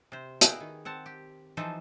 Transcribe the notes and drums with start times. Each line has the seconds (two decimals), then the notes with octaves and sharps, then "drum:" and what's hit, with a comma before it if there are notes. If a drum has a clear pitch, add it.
0.12 C3 C5
0.41 E4 G#4 B4 D#5 G5, drum: hi-hat
0.60 D#3
0.85 C4 F#5 A5
1.06 G4
1.57 E3 F3 D#4 A4 C5 D#5